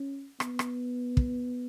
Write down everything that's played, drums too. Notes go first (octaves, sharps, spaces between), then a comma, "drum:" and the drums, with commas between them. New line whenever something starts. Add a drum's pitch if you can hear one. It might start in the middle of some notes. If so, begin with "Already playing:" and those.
Already playing: C#4
B3, drum: rim click
drum: rim click
drum: kick